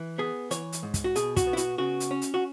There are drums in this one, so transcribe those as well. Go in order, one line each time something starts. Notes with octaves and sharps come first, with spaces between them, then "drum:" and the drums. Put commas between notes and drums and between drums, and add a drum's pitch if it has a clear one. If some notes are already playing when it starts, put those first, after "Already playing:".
Already playing: E3
B3 G#4
E3 C#5, drum: hi-hat
drum: hi-hat
G#2
drum: kick, hi-hat
F#4
B2 G#4, drum: hi-hat
F#4, drum: kick, hi-hat
B3
E4
F#4, drum: hi-hat
C#3 F#4
drum: hi-hat
C#4
drum: hi-hat
F#4